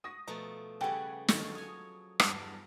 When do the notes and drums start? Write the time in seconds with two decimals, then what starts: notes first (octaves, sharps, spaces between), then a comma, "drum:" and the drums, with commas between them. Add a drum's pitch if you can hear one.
0.04 F#4 D#6 A#6
0.28 B2 F3 A3 A#5
0.81 C#3 G3 G4 A4 B4 F#5 G#5
1.28 A1 D3 D#3 F3 F#3 D#5, drum: snare
1.55 C#5 G#5 D#6
2.20 E2 G2, drum: rim click